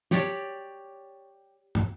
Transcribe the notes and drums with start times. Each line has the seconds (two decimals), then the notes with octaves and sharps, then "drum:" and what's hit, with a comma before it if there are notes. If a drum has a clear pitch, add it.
0.11 G4 C#5 D5, drum: snare
1.75 drum: tom